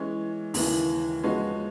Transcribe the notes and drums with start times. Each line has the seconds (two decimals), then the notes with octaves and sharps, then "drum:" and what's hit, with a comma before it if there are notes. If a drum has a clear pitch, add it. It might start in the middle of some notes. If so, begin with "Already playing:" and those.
Already playing: E3 G#3 C#4
0.54 D#2 C#3 E3, drum: open hi-hat
1.24 F3 G#3 C#4 F#4 B4